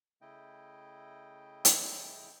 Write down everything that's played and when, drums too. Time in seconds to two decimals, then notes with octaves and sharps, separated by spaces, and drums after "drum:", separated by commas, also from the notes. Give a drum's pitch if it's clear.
0.22 C#3 A3 E4 D#5 G5
1.65 drum: hi-hat